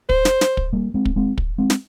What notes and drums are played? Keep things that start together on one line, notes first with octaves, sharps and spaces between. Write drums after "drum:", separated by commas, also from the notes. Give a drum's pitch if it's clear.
C5, drum: kick
drum: snare
drum: snare
drum: kick
G3 A#3
G#3 C4
drum: kick
G#3 C4
drum: kick
G#3 C4
drum: snare